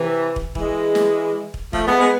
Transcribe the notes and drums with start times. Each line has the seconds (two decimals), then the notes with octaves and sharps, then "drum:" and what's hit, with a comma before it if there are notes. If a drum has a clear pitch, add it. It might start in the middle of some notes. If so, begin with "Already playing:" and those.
Already playing: C3 E3
0.36 drum: kick
0.55 E3 G#3, drum: kick
0.95 drum: snare
1.54 drum: kick
1.73 F3 A3, drum: kick
1.86 G#3 B3
2.00 G#3 B3